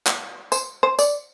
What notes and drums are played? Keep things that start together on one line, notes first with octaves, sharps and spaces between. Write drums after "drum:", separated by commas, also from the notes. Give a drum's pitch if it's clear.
drum: clap
C5, drum: tambourine
C5
D5, drum: tambourine